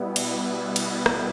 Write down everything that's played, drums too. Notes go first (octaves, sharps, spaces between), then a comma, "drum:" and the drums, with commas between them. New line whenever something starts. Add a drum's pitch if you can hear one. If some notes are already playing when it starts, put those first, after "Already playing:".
Already playing: B2 G3 B3 E4
drum: cymbal
drum: cymbal
drum: rim click